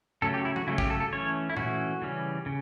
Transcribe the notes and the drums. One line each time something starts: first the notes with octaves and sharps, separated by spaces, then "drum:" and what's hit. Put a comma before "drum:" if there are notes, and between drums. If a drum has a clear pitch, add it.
C#3 F#3 A3 C#4 A4
G4
E4
F#4, drum: tom F3
C#3 F#3 A3 C#4 E4
G4, drum: kick
A4
A4
E3 A3 C#4 C#5
E4
E3 A3 C#4 F#4, drum: tom A#2
C#3 E3 G3 C#4
C#3